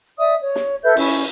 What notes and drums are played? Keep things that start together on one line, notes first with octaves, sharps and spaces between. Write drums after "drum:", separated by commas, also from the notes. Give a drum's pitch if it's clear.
D5 E5 D#6
C#5
drum: snare
A4 B4 E5 G6
C#4 E4, drum: cymbal